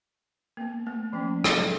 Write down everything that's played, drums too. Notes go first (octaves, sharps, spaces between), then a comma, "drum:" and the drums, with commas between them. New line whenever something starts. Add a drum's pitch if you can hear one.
A#3 B3
A3 B3
D#3 F3 A3 A#3 C#4
F#3 G#4 E5, drum: rim click
A4